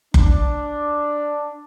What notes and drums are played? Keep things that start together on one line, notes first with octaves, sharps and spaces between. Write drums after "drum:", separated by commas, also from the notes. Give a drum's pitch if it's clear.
D4, drum: kick F#1